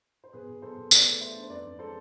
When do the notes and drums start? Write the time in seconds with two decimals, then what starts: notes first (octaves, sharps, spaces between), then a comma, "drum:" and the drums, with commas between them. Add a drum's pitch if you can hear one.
0.24 C5
0.33 B2 G#4 B4
0.48 B2
0.62 B2 A4 C5
0.77 B2
0.91 B2 B4 D5, drum: tambourine
1.07 A3
1.20 A3 C5 E5
1.36 D4
1.43 C5
1.50 F2 B4 D5
1.65 F2
1.79 G#3 A4 C5